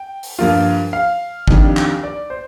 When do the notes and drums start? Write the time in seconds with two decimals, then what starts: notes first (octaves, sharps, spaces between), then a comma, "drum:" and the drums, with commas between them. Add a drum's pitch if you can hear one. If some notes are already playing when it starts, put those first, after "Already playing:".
Already playing: G5
0.23 drum: open hi-hat
0.39 G2 F3 A#3 F4
0.93 F5
1.48 F2 D#3 G3 D4, drum: kick
1.77 drum: clap
2.03 D5
2.30 C5